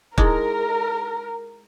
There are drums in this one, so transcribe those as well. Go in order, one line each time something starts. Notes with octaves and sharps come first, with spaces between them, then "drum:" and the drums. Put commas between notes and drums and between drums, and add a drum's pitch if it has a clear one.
G#3 D#4 E4 G#4 A#4, drum: kick